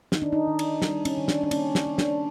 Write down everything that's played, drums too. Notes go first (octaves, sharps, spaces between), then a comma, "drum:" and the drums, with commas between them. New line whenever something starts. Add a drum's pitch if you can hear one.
D#3 D#4, drum: snare
D4
D#4
D#3
drum: cymbal
G3 D4, drum: snare
C#4, drum: cymbal
D#3
D4, drum: snare
D4
A#3 C#4, drum: cymbal
drum: snare
D#3
D4, drum: snare